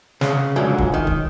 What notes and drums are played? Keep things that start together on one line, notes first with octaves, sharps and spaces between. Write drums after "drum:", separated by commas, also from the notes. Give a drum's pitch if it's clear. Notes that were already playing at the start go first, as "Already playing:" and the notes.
C#3, drum: snare
F2 G#2 D3 E3 F#3
drum: kick
D#3
drum: kick